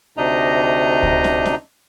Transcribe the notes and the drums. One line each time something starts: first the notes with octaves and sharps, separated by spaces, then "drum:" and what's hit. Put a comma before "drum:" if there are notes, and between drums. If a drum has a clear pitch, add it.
D2 C3 D4 D#4 D#5 A#5
drum: kick C#2
drum: snare
drum: snare